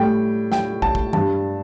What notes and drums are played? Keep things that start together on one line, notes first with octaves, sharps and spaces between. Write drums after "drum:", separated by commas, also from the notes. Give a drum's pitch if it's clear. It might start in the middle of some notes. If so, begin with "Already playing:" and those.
Already playing: A2 G3 G5
G5, drum: snare
A5, drum: kick
drum: kick
G2 G3 A5, drum: tom D#3